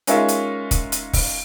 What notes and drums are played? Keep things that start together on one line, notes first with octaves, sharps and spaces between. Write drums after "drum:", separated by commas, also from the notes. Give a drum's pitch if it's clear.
G#3 C#4 D#4 F4 A#4 E5, drum: hi-hat
drum: hi-hat
drum: kick F1, hi-hat
drum: hi-hat
drum: kick F1, open hi-hat